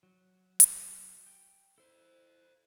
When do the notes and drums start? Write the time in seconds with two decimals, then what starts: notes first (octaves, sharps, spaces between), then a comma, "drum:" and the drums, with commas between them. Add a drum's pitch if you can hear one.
0.03 F#3
0.60 drum: hi-hat
1.27 G5
1.78 E4 A4 C5